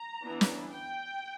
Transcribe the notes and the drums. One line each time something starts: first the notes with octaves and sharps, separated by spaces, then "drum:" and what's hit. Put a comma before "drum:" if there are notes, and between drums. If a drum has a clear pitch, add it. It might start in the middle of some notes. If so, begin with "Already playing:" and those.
Already playing: A#5
E3 B3 D4
drum: snare
G5